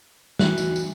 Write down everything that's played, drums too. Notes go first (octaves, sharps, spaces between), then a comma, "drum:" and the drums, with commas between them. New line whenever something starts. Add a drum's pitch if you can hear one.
E3 D#4 F#4 E5, drum: snare
drum: tambourine
drum: tambourine